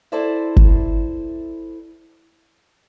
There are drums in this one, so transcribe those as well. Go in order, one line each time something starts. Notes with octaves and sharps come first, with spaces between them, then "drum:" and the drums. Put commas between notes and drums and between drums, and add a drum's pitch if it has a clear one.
E4 A4 C5 D5 E5
drum: kick G1